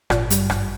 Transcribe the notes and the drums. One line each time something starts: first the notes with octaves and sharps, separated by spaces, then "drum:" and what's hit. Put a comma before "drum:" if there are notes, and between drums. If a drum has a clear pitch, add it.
G#1 A#2, drum: rim click
G2 G3, drum: hi-hat
G#1, drum: rim click